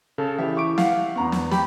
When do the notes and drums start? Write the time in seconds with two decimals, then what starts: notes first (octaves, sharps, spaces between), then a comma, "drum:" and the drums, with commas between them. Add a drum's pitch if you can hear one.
0.18 C#3 A4
0.38 E3 G4 E5
0.57 C#6 D6 D7
0.78 F5 F#5, drum: snare
1.15 E2 B3 A#5 C#6
1.32 drum: snare
1.51 G4 B5, drum: snare